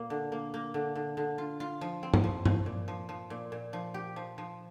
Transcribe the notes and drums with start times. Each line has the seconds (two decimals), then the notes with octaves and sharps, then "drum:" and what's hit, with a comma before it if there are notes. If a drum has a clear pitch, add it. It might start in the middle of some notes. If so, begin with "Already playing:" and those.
Already playing: A#2 A#3
0.10 D3
0.32 A#3
0.54 A#3
0.74 D3
0.95 D3
1.17 D3
1.38 F4
1.60 F4
1.81 F3
2.03 C4
2.14 drum: tom G2
2.24 F3
2.46 F3, drum: tom G2
2.66 A#2
2.88 F3
3.09 F3
3.30 A#2
3.52 A#2
3.73 F3
3.94 G4
4.16 F3
4.38 F3